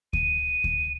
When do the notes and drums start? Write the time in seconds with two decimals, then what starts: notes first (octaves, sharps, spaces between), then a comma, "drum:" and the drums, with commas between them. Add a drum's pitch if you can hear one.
0.13 D#7, drum: kick D2
0.64 drum: kick D2